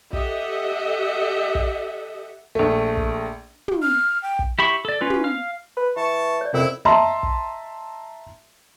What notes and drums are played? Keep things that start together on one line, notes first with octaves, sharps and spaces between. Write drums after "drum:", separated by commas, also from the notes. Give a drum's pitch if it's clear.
G4 A4 D#5 E5 F#5, drum: kick
drum: kick
A#1 A3
drum: kick
drum: tom
F6
G5
drum: kick
E4 G4 B5 C#6
A4 D5
C#4 F4 B4
drum: tom
F5 F6
B4 B5
E3 A5 C#6
C#5 D5
F2 C3 C#4 E4 A#4
D#5 E5 A5 A#5 C6
drum: kick